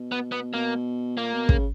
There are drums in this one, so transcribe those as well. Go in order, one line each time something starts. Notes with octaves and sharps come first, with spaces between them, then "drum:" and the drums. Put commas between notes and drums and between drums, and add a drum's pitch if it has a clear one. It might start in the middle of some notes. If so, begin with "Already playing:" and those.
Already playing: B2
B3
B3
B2 A#3
A#2 A#3
B2
C#3, drum: kick